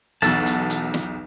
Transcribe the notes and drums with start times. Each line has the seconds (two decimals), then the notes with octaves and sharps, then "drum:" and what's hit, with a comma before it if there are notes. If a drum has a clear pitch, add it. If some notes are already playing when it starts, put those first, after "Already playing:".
0.22 B1 E2 F#4 A4 A5, drum: hi-hat
0.46 drum: hi-hat
0.70 drum: hi-hat
0.94 drum: snare